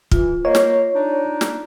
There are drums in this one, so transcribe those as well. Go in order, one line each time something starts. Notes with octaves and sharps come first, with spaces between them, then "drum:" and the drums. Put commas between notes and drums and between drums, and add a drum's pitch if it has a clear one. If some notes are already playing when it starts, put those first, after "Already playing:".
E3 F4, drum: kick
A#3 C5 C#5 D#5
drum: snare
D4 D#4
drum: snare